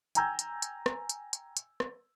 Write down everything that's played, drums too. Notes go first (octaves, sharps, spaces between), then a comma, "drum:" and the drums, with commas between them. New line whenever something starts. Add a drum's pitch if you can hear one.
G5 G#5 A#5 E6 G6 G#6, drum: hi-hat
drum: hi-hat
drum: hi-hat
drum: rim click
drum: hi-hat
drum: hi-hat
drum: hi-hat
drum: rim click